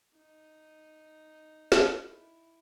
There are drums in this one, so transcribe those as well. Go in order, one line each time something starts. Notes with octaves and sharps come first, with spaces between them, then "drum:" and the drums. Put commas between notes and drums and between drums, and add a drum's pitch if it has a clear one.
D#4
drum: snare
E4